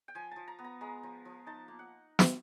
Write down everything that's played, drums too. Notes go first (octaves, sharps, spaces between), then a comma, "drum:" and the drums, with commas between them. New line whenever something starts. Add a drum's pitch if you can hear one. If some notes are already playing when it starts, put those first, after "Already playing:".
G5
F3 G#5
F3 A5
A#5
B3
A#5
G#3 A#5
F3
F3
D#4 A5
A#3
F#5
drum: snare